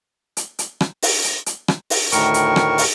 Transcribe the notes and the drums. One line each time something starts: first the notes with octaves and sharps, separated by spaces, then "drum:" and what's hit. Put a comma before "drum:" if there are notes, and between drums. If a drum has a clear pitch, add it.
drum: hi-hat
drum: hi-hat
drum: rim click
drum: open hi-hat
drum: hi-hat
drum: hi-hat
drum: rim click
drum: open hi-hat
D2 A2 D#3 A#4 C#6, drum: hi-hat
drum: hi-hat
drum: rim click
drum: open hi-hat